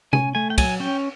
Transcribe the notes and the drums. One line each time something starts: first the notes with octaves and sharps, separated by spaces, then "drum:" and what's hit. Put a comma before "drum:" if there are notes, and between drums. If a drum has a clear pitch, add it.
C#4 G#5, drum: tom C3
A3 G#5
G5
F#3 G#5, drum: kick, cymbal
C#4 G5